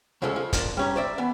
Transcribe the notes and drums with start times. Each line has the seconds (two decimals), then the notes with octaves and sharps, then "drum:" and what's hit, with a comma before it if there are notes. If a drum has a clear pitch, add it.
0.22 D2 C#3 F3 G#3 C#4 A4
0.36 F3
0.53 F3 A#3 D4, drum: kick, hi-hat
0.77 G3 C#4 A#5
0.96 C5 D5 E5
1.18 E3 B3